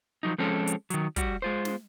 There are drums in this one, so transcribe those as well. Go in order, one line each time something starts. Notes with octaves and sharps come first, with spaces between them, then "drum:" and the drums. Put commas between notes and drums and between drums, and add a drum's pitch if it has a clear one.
F3 F#3 D#4
F3 G#3 C4 C#4 A4
drum: hi-hat
D#3 F#3, drum: hi-hat
G3 F#4, drum: kick, hi-hat
G#3 F4 C5
drum: snare